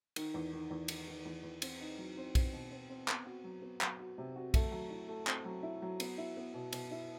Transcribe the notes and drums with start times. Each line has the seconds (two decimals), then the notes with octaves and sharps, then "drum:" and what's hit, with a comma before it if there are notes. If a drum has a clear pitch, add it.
0.16 D#3, drum: cymbal
0.34 E2
0.53 D#3
0.71 E2
0.88 D#3, drum: cymbal
1.08 D#3
1.25 E2
1.43 E2
1.62 C4, drum: cymbal
1.81 D#4
1.98 F#3
2.17 C4
2.35 C4, drum: kick B1, cymbal
2.53 B2
2.71 C4
2.90 C4
3.08 B3, drum: clap
3.26 F#4
3.44 F#3
3.62 B3
3.81 F#3, drum: clap
3.99 F#4
4.18 C3
4.36 F#4
4.54 A3, drum: kick B1, cymbal
4.71 F#3
4.90 E4
5.08 A3
5.27 C4, drum: clap
5.45 F#3
5.63 E4
5.82 F#3
6.00 B3, drum: cymbal
6.18 E4
6.37 B3
6.54 B2
6.73 B2, drum: cymbal
6.91 E4